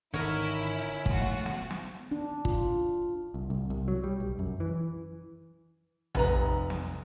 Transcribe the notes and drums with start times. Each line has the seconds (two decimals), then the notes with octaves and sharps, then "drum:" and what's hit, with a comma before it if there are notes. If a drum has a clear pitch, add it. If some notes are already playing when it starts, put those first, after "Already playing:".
0.14 G#1 D3 C#4 D#4 E4 A#4
1.06 B1 F3 G#3 A3 F4 F#4, drum: kick
1.46 drum: snare
1.71 drum: snare
2.11 D4
2.45 F4, drum: kick
3.34 C2
3.50 C2
3.70 C2
3.88 F#3
4.04 G3
4.20 B1
4.39 F#2
4.60 E3
6.15 F1 B4 A#5, drum: tom A#1
6.70 drum: snare